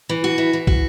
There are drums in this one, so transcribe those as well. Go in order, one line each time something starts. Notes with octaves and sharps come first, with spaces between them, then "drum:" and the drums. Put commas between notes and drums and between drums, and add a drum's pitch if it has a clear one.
E3
F#4
E3
E3
F#4, drum: kick